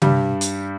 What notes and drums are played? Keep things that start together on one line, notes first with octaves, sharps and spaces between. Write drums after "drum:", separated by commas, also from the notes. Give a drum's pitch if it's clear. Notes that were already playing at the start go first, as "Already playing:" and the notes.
G2 G3, drum: tom C3
drum: hi-hat